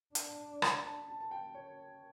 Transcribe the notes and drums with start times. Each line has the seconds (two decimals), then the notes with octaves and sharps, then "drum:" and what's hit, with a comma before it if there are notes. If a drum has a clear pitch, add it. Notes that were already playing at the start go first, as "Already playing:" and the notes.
0.15 D4, drum: hi-hat
0.62 B5, drum: rim click
0.85 A5
1.09 A5
1.21 A5
1.31 G5
1.55 C#5